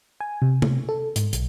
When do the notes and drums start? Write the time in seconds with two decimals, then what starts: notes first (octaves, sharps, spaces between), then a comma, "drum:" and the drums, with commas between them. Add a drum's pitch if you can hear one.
0.21 G#5
0.42 C3
0.62 drum: tom
0.89 A4
1.16 G#2, drum: hi-hat
1.33 B1, drum: hi-hat